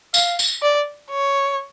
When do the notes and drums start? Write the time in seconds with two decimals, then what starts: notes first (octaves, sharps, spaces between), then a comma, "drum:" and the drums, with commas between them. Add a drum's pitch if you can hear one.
0.14 F5, drum: tambourine
0.39 drum: tambourine
0.63 D5
1.11 C#5